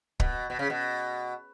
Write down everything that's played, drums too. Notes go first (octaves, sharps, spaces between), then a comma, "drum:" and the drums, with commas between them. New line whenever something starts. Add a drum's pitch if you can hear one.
B2, drum: kick
B2
C#3
B2